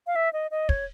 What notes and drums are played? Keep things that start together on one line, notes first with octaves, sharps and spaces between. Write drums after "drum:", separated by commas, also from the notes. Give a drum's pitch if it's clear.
F5
E5
D#5
D#5
C#5, drum: kick